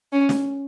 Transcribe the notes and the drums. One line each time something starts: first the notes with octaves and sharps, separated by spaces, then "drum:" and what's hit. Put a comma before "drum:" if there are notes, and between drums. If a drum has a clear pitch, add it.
C#4
drum: snare